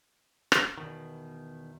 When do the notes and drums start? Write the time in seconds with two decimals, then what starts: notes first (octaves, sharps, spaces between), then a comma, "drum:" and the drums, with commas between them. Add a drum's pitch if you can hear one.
0.52 drum: rim click
0.78 E2 B2 D#3